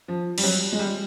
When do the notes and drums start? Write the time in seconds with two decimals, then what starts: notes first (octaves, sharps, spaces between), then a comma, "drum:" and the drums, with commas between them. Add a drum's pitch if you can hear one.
0.08 F3
0.38 G3, drum: cymbal
0.43 F#3
0.72 G#3
0.79 G3